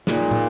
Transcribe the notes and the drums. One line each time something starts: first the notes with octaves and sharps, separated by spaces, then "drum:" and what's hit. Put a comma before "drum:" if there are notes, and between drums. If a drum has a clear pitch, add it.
A#2 A#3 D#4 G#4 B4, drum: snare
drum: tom